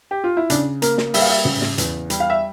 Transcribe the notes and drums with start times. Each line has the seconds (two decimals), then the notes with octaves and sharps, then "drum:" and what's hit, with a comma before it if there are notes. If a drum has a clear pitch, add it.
0.11 G4
0.24 F4
0.37 E4
0.50 C#3 D4, drum: hi-hat
0.82 A#3 A#4, drum: hi-hat
0.98 drum: snare
1.14 G3 E5, drum: open hi-hat
1.21 F5
1.30 E5
1.45 C#3, drum: tom
1.61 drum: snare
1.78 E2, drum: hi-hat
2.10 G3, drum: hi-hat
2.20 F5
2.30 E5